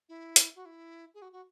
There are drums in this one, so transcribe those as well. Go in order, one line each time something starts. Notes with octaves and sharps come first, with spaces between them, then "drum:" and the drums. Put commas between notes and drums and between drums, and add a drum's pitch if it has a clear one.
E4
drum: hi-hat
F#4
E4
G#4
F#4
F#4